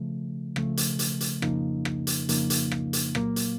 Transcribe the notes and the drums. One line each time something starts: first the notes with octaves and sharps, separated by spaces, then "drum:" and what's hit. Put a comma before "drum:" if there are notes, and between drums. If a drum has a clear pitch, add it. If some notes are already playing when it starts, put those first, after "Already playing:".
Already playing: C#3 F3 A3
C#3 F3 A3, drum: rim click
drum: hi-hat
drum: hi-hat
drum: hi-hat
F2 C#3 F3 A#3 D#4, drum: rim click
drum: rim click
drum: hi-hat
F2 C#3 F3 A#3 D#4, drum: hi-hat
drum: hi-hat
drum: rim click
drum: hi-hat
A#2 F#3 A#3, drum: rim click
drum: hi-hat